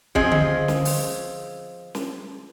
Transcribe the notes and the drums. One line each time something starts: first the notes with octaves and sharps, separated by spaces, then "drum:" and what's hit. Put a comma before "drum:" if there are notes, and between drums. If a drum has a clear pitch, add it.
F3 C4 G#4 D#5, drum: kick
drum: tom D3
drum: snare
drum: open hi-hat
drum: snare